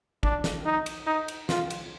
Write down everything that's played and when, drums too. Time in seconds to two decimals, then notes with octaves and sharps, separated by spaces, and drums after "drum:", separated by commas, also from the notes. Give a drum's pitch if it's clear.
0.23 D4, drum: kick
0.44 drum: snare
0.65 D#4
0.86 drum: cymbal
1.07 D#4
1.28 drum: cymbal
1.49 F4, drum: snare
1.70 drum: cymbal